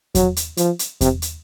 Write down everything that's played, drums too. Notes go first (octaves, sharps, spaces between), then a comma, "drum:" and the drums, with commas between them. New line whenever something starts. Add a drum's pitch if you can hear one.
F#3, drum: kick E2, hi-hat
drum: hi-hat
F3, drum: hi-hat
drum: hi-hat
C3, drum: kick E2, hi-hat
drum: hi-hat